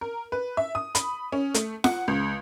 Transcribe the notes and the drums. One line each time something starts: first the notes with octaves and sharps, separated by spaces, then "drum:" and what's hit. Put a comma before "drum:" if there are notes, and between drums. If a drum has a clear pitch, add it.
A#4
B4
E5
D#6
B5, drum: hi-hat
C#4
A3, drum: hi-hat
F#5, drum: snare F4
C#2